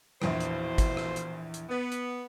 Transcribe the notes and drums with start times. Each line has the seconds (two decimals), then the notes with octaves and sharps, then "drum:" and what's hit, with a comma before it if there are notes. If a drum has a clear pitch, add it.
0.22 A#1 E2 B2 E3 F4 C5, drum: rim click
0.40 drum: hi-hat
0.78 drum: kick, hi-hat
0.97 drum: rim click
1.16 drum: hi-hat
1.54 drum: hi-hat
1.69 B3
1.92 drum: hi-hat